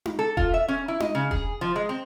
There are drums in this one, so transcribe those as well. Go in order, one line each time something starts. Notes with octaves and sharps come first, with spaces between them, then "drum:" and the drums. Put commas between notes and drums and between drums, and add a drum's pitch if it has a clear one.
drum: tom D#4
A4
F4, drum: kick E1
E5
C#4
E4
D#5, drum: tom D#4
C#3
G#4, drum: kick E1
F3
G#3
C4